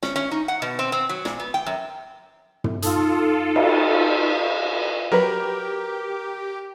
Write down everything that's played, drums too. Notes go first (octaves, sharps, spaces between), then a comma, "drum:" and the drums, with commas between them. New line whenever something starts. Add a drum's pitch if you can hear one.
C#4, drum: snare
C#4
D#4
F#5
B2
C4
C4
F#3
A#2, drum: snare
B3
G5
F#2
drum: tom
D#4 F4 A4, drum: hi-hat
drum: cymbal
F#3 G4 A#4 B4